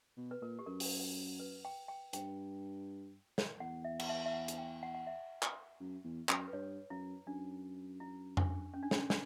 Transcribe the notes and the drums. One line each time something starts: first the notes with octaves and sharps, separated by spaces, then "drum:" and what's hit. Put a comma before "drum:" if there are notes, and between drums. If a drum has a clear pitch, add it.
B2
B4
A#2 A#4
G4
F#2 A#4
drum: open hi-hat
B4
G5
G5
G2 G5, drum: hi-hat
drum: snare
E2 F#5
E5
F#5, drum: cymbal
E5
E5
F#5
drum: hi-hat
G5
F#5
F#5
E5
drum: clap
F#2
E2
F#2, drum: clap
B4
G2 C#5
F#2 E4
F#2 D4
E4
D4, drum: tom F2
C#4
D4
C#4, drum: snare
D4, drum: snare